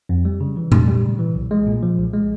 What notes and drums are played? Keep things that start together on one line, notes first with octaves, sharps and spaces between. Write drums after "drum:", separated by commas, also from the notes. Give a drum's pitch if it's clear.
F2
G3
C#3
E3
F2, drum: tom A#2
G3
C#3
E3
B1
G#3
A#2
F3
B1
G#3